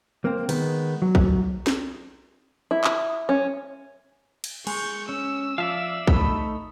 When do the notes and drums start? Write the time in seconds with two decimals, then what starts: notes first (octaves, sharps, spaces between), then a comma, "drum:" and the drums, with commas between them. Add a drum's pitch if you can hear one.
0.25 A#3 C4
0.49 D#3 G#3 B3, drum: cymbal
1.02 F#3
1.15 drum: kick A#1
1.67 drum: snare
2.71 E4
2.84 drum: clap
3.29 C#4
4.44 drum: cymbal
4.67 G#3 C#6 G6, drum: cymbal
5.09 C#4 E6
5.58 F3 D5 E5 F5
6.07 A3 D#4 B5, drum: kick A#1